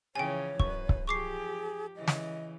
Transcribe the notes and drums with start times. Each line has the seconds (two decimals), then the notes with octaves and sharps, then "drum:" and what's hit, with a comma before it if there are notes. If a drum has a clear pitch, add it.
0.15 C#3 E3 F3 C#5 G5 G#5
0.60 F#2 B4 C#6, drum: kick C#1
0.89 drum: kick C#1
1.07 F3 G4 G#4 C#6 D6 C7
1.96 C#3 E3 D#5
2.08 drum: snare